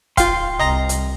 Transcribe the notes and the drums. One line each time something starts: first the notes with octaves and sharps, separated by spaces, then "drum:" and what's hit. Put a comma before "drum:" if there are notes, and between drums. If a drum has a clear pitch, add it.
F4 F5 G5 C6, drum: kick E1, hi-hat
C2 D#5 A#5 A#6
drum: hi-hat